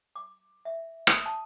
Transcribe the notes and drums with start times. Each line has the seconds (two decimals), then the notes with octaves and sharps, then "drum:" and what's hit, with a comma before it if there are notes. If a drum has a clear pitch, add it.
0.16 D6
0.65 E5
1.07 D#6, drum: rim click
1.26 A5